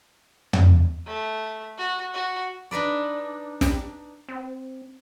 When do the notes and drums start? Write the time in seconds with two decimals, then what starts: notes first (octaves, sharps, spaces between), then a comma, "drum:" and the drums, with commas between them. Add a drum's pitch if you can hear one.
0.53 drum: tom
1.07 A3
1.78 F#4
2.14 F#4
2.71 D4 D#4 B4 D5
3.61 drum: snare
4.29 C4